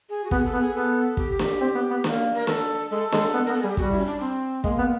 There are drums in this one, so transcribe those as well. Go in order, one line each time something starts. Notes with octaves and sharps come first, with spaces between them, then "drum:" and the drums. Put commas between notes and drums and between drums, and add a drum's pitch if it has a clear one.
G#4
F#4
B3 G4, drum: kick
G#4
A4
B3
G#4
B3 A4
G4, drum: kick
drum: snare
C4
B3
B3
A#3, drum: snare
A#4
A4, drum: snare
G#3 A4
G#3, drum: snare
B3
A#4
B3
A4
G3 G#4
G4
G3 F#4, drum: kick
E4
C#4
D4
C4
G#3 A#3, drum: kick
B3